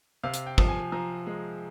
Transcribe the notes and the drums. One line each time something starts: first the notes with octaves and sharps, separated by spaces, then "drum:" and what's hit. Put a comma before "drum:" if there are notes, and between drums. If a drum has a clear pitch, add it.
C3 F5
drum: hi-hat
G5
F3, drum: kick
G#5
F3 A#5
G#3